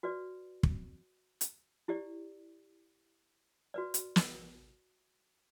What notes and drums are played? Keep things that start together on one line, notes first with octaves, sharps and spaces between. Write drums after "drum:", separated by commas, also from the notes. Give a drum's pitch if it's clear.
F#4 B4 D5
drum: kick
drum: hi-hat
E4 G4 D5
F#4 B4 D5
drum: hi-hat
drum: snare